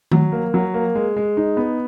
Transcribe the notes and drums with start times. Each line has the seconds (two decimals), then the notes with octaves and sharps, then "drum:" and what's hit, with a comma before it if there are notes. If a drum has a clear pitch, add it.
0.12 F#3, drum: tom D#3
0.32 A#3
0.54 F#3
0.74 A#3
0.95 G#3
1.16 G#3
1.37 D#4
1.57 B3